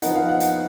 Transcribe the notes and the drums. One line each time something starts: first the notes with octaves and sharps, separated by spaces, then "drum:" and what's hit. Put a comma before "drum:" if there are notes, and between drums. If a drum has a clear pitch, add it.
F3 B3 D#4 F#5, drum: hi-hat
F5
F#5
drum: hi-hat